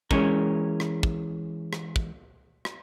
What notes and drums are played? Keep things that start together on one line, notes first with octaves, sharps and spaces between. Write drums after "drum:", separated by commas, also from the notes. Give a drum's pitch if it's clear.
E3 G#3 C#4 A#4, drum: kick
drum: rim click
drum: kick
drum: rim click
drum: kick
drum: rim click